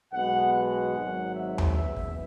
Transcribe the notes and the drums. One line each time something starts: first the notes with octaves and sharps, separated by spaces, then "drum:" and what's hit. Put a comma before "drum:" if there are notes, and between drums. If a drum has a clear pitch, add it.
B1 B2 G#3 B3 F#5
F#5
G#1 G#2 F#3
E5
drum: tom D#2
F#1 E2 E3 B3 E5
drum: kick